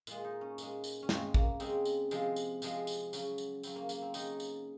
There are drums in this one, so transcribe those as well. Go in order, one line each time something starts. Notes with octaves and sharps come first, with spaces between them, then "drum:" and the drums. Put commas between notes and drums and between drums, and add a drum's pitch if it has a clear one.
A#2 G#3 F4, drum: tambourine
D#4
C#4
A#2 G#3, drum: tambourine
drum: tambourine
C#4
C#3 G#3 C4, drum: snare
A#3, drum: kick
C#3 G#3 C4, drum: tambourine
drum: tambourine
C3 F3 G#3, drum: tambourine
drum: tambourine
C3 F3 G#3, drum: tambourine
drum: tambourine
C#3 F#3, drum: tambourine
drum: tambourine
C#3 F#3 C4, drum: tambourine
A#3
A#3, drum: tambourine
C4
C#3 F#3 D#4, drum: tambourine
drum: tambourine